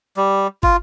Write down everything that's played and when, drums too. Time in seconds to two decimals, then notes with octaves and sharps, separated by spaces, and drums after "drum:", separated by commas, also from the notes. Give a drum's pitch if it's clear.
0.17 G3
0.63 F4, drum: kick